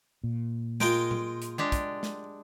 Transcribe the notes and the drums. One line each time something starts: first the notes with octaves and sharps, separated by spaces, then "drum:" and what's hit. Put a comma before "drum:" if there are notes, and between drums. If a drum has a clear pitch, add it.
A#2
G#3 F4 A#4 G5, drum: snare
drum: tom A#2
drum: hi-hat
G#3 D4 G4
drum: kick, hi-hat
drum: snare